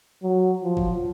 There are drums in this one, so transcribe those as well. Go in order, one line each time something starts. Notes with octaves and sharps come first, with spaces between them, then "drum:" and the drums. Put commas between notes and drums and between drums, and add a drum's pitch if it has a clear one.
F#3
F3
drum: kick G1